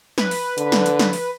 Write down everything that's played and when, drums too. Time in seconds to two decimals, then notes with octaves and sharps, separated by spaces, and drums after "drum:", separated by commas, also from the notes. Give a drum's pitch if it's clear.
0.18 B4, drum: snare
0.31 drum: open hi-hat
0.58 D3, drum: hi-hat
0.72 drum: snare
0.86 drum: hi-hat
0.99 drum: snare
1.13 drum: open hi-hat